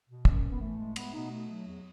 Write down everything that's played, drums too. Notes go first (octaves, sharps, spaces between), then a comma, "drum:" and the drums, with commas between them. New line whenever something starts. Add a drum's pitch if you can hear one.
B2
F#2, drum: kick
E3
B3
A2 A3
G#3
A3 B3, drum: cymbal
B2 B3 D#4
A3
F#3
E2